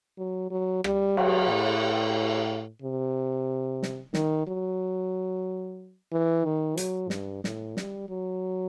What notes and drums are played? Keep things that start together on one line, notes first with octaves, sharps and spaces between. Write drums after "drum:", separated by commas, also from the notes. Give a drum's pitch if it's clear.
F#3
F#3
G3, drum: rim click
F#3, drum: cymbal
A2
C3
drum: snare
D#3, drum: snare
F#3
E3
D#3
F#3, drum: hi-hat
G2, drum: snare
A2, drum: snare
G3, drum: snare
F#3